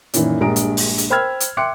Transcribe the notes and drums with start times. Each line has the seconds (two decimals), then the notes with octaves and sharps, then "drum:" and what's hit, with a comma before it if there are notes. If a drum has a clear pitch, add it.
0.14 F#2 A#2 D#3 E3, drum: hi-hat
0.41 A#1 G2 G#3 A#5 D7
0.56 drum: hi-hat
0.77 drum: open hi-hat
0.98 drum: hi-hat
1.10 C5 G5 B5 E6 F6 G#6
1.40 drum: hi-hat
1.57 E5 G5 C6 D6 F#6 C#7